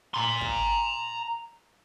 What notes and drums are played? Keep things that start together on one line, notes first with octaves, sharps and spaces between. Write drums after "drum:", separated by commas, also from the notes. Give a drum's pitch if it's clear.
A#5 C6
drum: kick